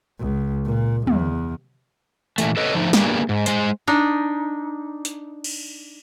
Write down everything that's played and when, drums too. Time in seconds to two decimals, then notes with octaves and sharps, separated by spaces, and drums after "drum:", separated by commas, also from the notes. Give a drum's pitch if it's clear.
0.19 C#2
0.65 A#2
1.07 E2, drum: tom
2.38 A#2 E3 A3, drum: hi-hat
2.57 A4 B4 C#5 D#5
2.74 D3 F3 A3 D#4
2.93 A#3 B3 D4 G4 G#4, drum: snare
3.29 G#2
3.46 G#3 C5, drum: hi-hat
3.87 D4 D#4
5.05 drum: hi-hat
5.44 drum: cymbal